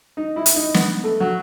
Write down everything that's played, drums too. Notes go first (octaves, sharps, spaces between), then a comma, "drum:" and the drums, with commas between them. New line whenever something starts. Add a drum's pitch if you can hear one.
D#4
E4
drum: hi-hat
D#4
B3, drum: snare
A3
F#3